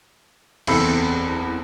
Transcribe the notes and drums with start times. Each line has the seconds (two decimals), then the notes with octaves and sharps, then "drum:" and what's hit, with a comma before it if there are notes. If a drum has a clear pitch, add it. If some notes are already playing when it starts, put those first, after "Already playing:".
0.67 F#1 E2 C4 A4 B5 E6, drum: cymbal